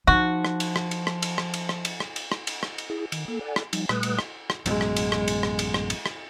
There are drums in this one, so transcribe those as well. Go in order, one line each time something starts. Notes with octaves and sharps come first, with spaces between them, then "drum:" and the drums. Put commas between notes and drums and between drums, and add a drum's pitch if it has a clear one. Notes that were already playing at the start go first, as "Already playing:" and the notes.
F3 D#4 F#4
drum: rim click
drum: cymbal
drum: rim click
drum: cymbal
drum: rim click
drum: cymbal
drum: rim click
drum: cymbal
drum: rim click
drum: cymbal
drum: rim click
drum: cymbal
drum: rim click
drum: cymbal
drum: rim click
drum: cymbal
E4 G#4
D#3, drum: cymbal
A#3 A4
A4 D5 F#5 G#5
drum: rim click
F3 G3 D#4, drum: cymbal
A#2 G3 A3 B4 D#6 F#6, drum: rim click
drum: cymbal
drum: rim click
drum: rim click
A1 F#2 B2 G#3, drum: cymbal
drum: rim click
drum: cymbal
drum: rim click
drum: cymbal
drum: rim click
drum: cymbal
drum: rim click
drum: cymbal
drum: rim click